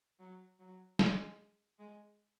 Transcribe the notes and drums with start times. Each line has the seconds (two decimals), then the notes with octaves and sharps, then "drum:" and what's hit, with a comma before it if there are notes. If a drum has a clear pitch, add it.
0.20 F#3
0.59 F#3
0.99 G#3, drum: snare
1.79 G#3